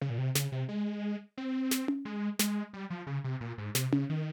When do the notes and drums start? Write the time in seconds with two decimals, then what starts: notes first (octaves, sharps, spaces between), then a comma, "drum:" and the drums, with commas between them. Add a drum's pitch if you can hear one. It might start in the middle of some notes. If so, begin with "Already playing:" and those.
0.01 C#3
0.10 A#2
0.18 C3
0.35 C#3, drum: snare
0.52 C3
0.69 G#3
1.38 C4
1.71 drum: snare
1.88 drum: tom C#4
2.05 G#3
2.39 G#3, drum: snare
2.74 G3
2.90 F3
3.07 C#3
3.24 C3
3.41 A#2
3.58 G#2
3.75 C3, drum: snare
3.92 C#3, drum: tom C#4
4.10 D#3